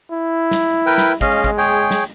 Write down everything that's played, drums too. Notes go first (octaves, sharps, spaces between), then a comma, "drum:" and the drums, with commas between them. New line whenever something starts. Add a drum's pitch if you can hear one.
E4
drum: snare
A#4 B4 G5
drum: snare
G#3 C#4 D#5 F5, drum: kick
drum: kick
G#4 C#5 G5
drum: snare